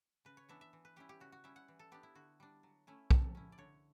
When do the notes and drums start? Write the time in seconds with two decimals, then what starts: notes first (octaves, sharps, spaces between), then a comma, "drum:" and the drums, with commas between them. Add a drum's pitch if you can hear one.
0.25 C#3 B4
0.37 C#5
0.49 E3 B3 D4 E5
0.61 E5
0.73 E3
0.85 B4
0.96 G3 C#4 E4 G4
1.09 G4
1.20 C#3 F#4
1.32 F#4
1.44 G3 C#4 E4 E5
1.56 F#5
1.68 E3
1.79 A4
1.92 B3 D4 G4
2.03 E4
2.15 D3 F#4
2.40 G3 D4
2.63 F#3
2.87 A3 C#4 E4
3.11 F#3 A4, drum: kick B1
3.35 C#4 E4
3.52 D5
3.58 D3 C#5